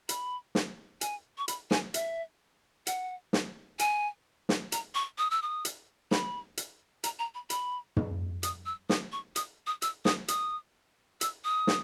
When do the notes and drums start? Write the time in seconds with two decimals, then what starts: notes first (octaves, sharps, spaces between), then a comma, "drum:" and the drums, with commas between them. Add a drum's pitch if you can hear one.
0.09 B5, drum: hi-hat
0.55 drum: snare
1.01 G#5, drum: hi-hat
1.38 C#6
1.48 B5, drum: hi-hat
1.71 G#5, drum: snare
1.94 E5, drum: hi-hat
2.87 F#5, drum: hi-hat
3.33 drum: snare
3.79 G#5, drum: hi-hat
4.49 drum: snare
4.72 A#5, drum: hi-hat
4.95 C#6
5.18 D#6
5.30 E6
5.42 D#6
5.65 drum: hi-hat
6.11 B5, drum: snare
6.57 drum: hi-hat
7.04 A#5, drum: hi-hat
7.19 A#5
7.34 B5
7.50 B5, drum: hi-hat
7.97 drum: tom
8.43 D#6, drum: hi-hat
8.66 E6
8.89 D#6, drum: snare
9.12 C#6
9.36 D#6, drum: hi-hat
9.67 D#6
9.82 E6, drum: hi-hat
10.05 D#6, drum: snare
10.28 D#6, drum: hi-hat
11.21 E6, drum: hi-hat
11.44 D#6
11.67 drum: snare